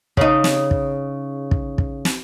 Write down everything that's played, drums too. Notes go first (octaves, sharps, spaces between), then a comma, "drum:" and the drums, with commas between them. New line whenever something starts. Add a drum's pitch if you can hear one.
C#3 D#4, drum: kick
drum: snare
drum: kick
drum: kick
drum: kick
drum: snare